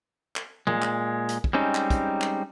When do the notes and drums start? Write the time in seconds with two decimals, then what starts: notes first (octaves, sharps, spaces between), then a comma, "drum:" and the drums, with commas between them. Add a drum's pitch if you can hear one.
0.36 drum: clap
0.67 A#2 G#3, drum: tom
0.82 drum: clap
1.29 drum: hi-hat
1.44 drum: kick
1.53 G3 G#3 C4 C#4 D#4
1.75 drum: clap
1.90 drum: kick, hi-hat
2.21 drum: clap